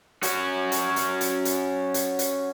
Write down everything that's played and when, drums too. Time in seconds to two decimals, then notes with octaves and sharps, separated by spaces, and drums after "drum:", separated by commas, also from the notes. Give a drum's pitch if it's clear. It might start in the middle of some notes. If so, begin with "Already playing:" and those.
0.23 C#4 F#4, drum: hi-hat
0.72 drum: hi-hat
0.96 drum: hi-hat
1.21 drum: hi-hat
1.45 drum: hi-hat
1.94 drum: hi-hat
2.19 drum: hi-hat